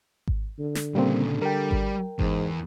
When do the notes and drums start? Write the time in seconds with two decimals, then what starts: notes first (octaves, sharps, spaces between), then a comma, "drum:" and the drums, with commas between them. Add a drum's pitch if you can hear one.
0.27 drum: kick G#1
0.59 D3
0.75 drum: snare
0.95 A#2 C#3 G3 A#3 C4
1.42 G3 A#4 G5
1.71 drum: kick G#1
2.19 E2 G#2, drum: kick G#1